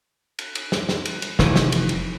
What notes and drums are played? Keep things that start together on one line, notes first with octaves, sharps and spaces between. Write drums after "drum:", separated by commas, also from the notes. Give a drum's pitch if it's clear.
drum: cymbal
drum: cymbal
drum: snare
drum: snare
drum: cymbal
drum: cymbal
F1 D#3 E3, drum: snare
drum: snare
drum: cymbal
drum: cymbal